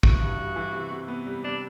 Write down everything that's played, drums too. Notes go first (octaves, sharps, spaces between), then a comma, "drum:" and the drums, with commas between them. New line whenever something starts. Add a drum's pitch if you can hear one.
E3 F#4, drum: kick
G2
G2
E3
C3
C3
B3
G3
C3 D4